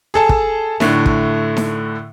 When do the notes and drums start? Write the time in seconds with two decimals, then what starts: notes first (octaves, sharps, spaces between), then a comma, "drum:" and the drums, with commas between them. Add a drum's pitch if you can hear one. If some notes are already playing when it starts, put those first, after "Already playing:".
0.14 G#4 A4 A5
0.29 drum: kick
0.80 A2 D3 A3, drum: snare D#4
1.06 drum: kick
1.57 drum: snare D#4